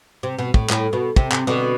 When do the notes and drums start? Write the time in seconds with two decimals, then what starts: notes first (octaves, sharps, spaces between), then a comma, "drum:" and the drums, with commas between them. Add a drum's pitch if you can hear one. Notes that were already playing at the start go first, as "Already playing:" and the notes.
0.23 C3
0.39 B2
0.54 A2, drum: kick
0.70 A2, drum: clap
0.93 B2
1.16 C3, drum: kick
1.32 C3, drum: clap
1.47 B2 D3